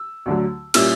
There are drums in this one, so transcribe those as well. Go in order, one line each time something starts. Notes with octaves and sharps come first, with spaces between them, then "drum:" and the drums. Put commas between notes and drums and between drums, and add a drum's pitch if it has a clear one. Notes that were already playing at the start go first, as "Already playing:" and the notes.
Already playing: E6
D2 D3 F#3
A#2 G3 C#4 E4 E6, drum: cymbal